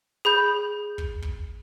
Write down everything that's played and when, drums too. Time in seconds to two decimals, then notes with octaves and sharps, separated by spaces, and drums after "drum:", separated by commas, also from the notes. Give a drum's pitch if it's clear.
0.25 G#4 B5 G6
0.98 drum: kick
1.22 drum: kick